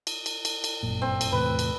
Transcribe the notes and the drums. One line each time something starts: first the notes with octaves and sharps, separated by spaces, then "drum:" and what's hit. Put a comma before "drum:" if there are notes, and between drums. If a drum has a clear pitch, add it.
drum: cymbal
drum: cymbal
drum: cymbal
drum: cymbal
G1 F#2 A#2
C4
drum: cymbal
E2 A2 C3 B4
drum: cymbal